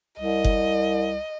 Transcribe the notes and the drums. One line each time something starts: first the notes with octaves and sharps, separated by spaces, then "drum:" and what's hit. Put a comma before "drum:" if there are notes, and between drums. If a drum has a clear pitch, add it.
C2 D#5
drum: kick F#1